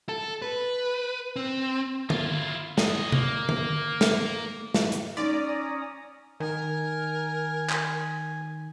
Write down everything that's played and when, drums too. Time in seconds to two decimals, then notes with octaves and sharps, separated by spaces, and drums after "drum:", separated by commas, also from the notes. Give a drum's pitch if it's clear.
0.09 A4
0.42 B4
1.36 C4
2.10 E4 F4, drum: tom D3
2.78 E3 D#5, drum: snare
3.12 A#3, drum: tom C3
3.49 drum: tom D3
4.01 drum: snare
4.74 drum: snare
4.92 drum: hi-hat
5.17 C#4 D#4 D5 A#5 D#6
6.40 D#3 A#4 G#5
7.69 drum: clap